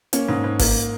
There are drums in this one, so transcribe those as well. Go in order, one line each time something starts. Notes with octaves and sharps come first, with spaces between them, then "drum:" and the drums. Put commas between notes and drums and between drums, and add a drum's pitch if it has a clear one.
A#3 C#4, drum: hi-hat
G#2
G#2
A#3 A#4, drum: kick G#1, open hi-hat